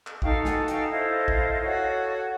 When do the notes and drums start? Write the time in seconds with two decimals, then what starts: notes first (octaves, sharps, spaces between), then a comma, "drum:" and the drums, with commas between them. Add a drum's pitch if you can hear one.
0.07 drum: clap
0.22 D#4 F#4 A4 F5 G5, drum: kick
0.45 F#5 G#5, drum: snare
0.68 F5 G5, drum: hi-hat
0.91 E4 A4 C5 D#5 F5
1.28 drum: kick
1.60 F#4 A4 C#5